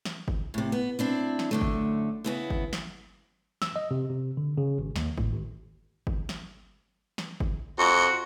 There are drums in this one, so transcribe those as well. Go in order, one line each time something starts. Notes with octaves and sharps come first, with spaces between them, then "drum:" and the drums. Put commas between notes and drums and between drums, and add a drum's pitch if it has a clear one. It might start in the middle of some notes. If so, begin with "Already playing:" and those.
drum: snare
drum: kick G1
A2 C3
B3
C4 D4 E4
drum: snare
F#2 D3 A3
drum: kick G1
C#3 B3 E4
drum: kick G1
drum: snare
E6, drum: snare
D#5
C3
C3
D3
C#3
G#1
D#2, drum: snare
A2, drum: kick G1
G#1
drum: kick G1
drum: snare
drum: snare
drum: kick G1
F2 F#4